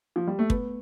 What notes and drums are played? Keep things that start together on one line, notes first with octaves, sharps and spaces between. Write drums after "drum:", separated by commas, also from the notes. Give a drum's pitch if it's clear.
F3
G3
A3
B3, drum: kick